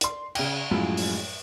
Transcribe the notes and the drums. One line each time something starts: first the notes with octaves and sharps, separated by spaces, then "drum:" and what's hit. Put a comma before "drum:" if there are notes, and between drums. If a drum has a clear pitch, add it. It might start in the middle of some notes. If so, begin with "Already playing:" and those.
D5 C6, drum: hi-hat
C#3 G5, drum: cymbal
F#2 A2 F3 G#3 E4 F4
drum: open hi-hat